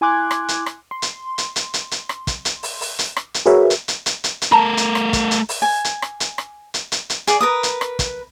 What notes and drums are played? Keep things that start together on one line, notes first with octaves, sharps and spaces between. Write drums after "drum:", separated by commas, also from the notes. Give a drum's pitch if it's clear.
E4 G#5 C6 D6 F#6 G#6
drum: rim click
drum: hi-hat
drum: rim click
C6
drum: hi-hat
drum: hi-hat
drum: hi-hat
drum: hi-hat
drum: hi-hat
drum: rim click
drum: kick, hi-hat
drum: hi-hat
drum: open hi-hat
drum: open hi-hat
drum: hi-hat
drum: rim click
drum: hi-hat
F#4 G#4 A#4 B4 C#5 E5
drum: hi-hat
drum: hi-hat
drum: hi-hat
drum: hi-hat
drum: hi-hat
A3 A#4 A5 A#5
drum: hi-hat
drum: rim click
drum: kick, hi-hat
drum: hi-hat
drum: open hi-hat
G#5
drum: hi-hat
drum: rim click
drum: hi-hat
drum: rim click
drum: hi-hat
drum: hi-hat
drum: hi-hat
G#4 D5, drum: hi-hat
A#4 B4 D#6
drum: hi-hat
drum: rim click
drum: kick, hi-hat